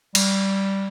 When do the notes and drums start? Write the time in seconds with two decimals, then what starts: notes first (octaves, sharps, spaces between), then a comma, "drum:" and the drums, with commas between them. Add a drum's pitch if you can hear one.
0.15 G3, drum: cymbal